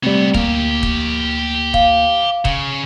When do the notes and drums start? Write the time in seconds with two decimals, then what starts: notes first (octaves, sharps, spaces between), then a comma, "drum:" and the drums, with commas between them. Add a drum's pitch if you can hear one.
0.03 C3 G3 A3 B3 C4
0.34 D2 A#3 G4 A#4, drum: kick D#1
0.83 drum: kick D#1
1.74 F5, drum: kick D#1
2.45 C#3, drum: kick D#1